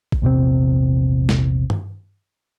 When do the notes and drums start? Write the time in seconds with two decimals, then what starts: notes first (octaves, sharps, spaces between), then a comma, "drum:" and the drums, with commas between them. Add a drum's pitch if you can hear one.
0.12 drum: kick A1
0.22 A#1 E2 C3 C4
1.29 drum: snare
1.70 drum: tom